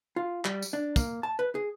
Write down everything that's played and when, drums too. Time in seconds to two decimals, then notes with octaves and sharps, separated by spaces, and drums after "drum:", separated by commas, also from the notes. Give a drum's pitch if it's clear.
0.16 F4
0.45 G3, drum: clap
0.62 drum: tambourine
0.73 D4
0.96 A#3, drum: kick, tambourine
1.23 A5
1.39 B4
1.55 G#4